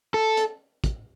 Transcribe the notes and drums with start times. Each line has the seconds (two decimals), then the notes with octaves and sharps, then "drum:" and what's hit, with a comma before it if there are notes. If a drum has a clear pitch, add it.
0.14 A4
0.37 drum: hi-hat
0.84 drum: kick, hi-hat